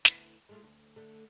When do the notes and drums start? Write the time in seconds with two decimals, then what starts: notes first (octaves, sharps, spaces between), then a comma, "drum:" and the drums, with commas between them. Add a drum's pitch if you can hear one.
0.05 D2 B3 E4, drum: snare
0.49 G#3 A3 F4
0.63 D2
0.96 D3 A3